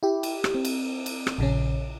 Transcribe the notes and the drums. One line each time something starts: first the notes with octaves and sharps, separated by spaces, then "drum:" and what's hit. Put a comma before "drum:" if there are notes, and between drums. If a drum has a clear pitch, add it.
E4 G4
drum: cymbal
drum: rim click
C4
drum: cymbal
drum: cymbal
drum: rim click
A#1 C#3 C#4